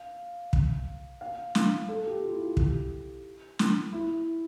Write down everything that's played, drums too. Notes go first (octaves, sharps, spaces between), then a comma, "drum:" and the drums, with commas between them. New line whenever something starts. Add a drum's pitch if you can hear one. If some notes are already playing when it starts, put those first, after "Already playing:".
Already playing: F5
F5, drum: kick
F5
drum: snare
A4
G4
F4
E4
F4
G4, drum: kick
drum: snare
E4